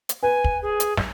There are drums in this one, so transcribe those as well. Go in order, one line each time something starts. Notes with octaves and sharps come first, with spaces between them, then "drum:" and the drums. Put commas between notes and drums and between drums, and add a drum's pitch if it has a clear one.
drum: hi-hat
B4 G#5
drum: kick
G#4
drum: hi-hat
drum: snare